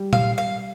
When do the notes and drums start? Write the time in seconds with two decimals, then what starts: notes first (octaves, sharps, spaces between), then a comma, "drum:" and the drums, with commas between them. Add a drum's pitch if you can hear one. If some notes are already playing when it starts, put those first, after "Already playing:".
Already playing: G3
0.13 F5, drum: tom A#2
0.38 F5